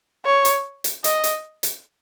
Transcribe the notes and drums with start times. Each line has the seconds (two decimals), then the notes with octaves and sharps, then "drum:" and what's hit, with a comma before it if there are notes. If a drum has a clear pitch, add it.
0.25 C#5
0.45 drum: hi-hat
0.84 drum: hi-hat
1.04 D#5, drum: hi-hat
1.24 drum: hi-hat
1.63 drum: hi-hat